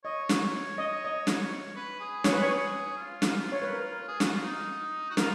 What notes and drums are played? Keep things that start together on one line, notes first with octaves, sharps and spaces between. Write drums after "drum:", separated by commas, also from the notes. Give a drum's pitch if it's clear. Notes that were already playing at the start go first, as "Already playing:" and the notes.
C#5 D#5
drum: snare
D#5
D#5
drum: snare
C#5
B4
G#4
C#5, drum: snare
B4
C#5
F4
drum: snare
C#5
B4
A#4
G#4
F#4, drum: snare
F4
D#4
F#4
F4 A#4, drum: snare